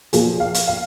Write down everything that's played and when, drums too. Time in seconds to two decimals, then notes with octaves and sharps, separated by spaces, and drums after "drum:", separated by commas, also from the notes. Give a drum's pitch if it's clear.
0.13 A#2 F3 G#4, drum: hi-hat
0.40 F5
0.54 drum: hi-hat
0.68 F5